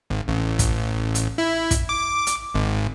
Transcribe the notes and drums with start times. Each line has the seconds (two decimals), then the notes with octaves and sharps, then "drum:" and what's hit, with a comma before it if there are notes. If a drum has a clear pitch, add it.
0.10 G#1
0.28 A1
0.59 drum: kick, hi-hat
1.15 drum: hi-hat
1.38 E4
1.71 drum: kick, hi-hat
1.89 D6
2.27 drum: hi-hat
2.55 G#1